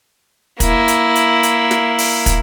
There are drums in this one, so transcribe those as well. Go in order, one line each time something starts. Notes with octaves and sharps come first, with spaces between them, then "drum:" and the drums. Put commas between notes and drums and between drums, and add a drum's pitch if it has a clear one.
A#3 E4, drum: kick, hi-hat
drum: hi-hat
drum: hi-hat
drum: hi-hat
drum: snare
drum: open hi-hat
drum: kick, hi-hat